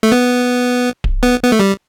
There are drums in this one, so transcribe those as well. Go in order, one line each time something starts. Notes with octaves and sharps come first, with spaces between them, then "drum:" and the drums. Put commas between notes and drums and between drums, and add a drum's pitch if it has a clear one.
A3
B3
drum: kick D1
B3
B3
A3
G3